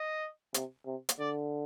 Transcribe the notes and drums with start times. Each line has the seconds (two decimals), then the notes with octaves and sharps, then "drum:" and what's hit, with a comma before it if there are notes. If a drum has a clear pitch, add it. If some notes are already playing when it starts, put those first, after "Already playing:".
Already playing: D#5
0.54 C3, drum: hi-hat
0.86 C3
1.09 drum: hi-hat
1.19 D3 D5